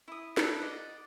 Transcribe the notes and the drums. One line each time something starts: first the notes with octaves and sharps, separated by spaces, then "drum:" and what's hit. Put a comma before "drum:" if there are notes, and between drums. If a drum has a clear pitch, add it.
E4 D#6
A4 B4, drum: snare
D5 D#5 F#5